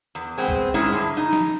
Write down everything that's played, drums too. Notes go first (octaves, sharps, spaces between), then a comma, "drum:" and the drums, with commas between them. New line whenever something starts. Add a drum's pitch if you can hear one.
E2
G#3 B3 C4
drum: kick
G#2 G#3 C#4 E4
G2 D3
D#4
drum: snare